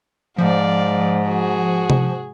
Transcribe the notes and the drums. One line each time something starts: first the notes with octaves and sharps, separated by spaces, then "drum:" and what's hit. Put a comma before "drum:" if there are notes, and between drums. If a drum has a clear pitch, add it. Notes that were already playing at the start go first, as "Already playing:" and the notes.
G#2 F3 D5 F5
F#4 G#4
drum: tom C3